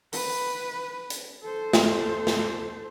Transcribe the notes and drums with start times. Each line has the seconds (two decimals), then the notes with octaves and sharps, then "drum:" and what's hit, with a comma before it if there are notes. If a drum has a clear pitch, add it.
0.13 B4, drum: open hi-hat
1.10 drum: hi-hat
1.42 A4 C5
1.73 drum: snare
2.27 drum: snare